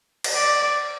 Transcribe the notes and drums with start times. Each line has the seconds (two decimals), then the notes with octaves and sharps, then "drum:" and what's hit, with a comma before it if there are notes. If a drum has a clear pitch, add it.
0.24 drum: cymbal
0.34 D5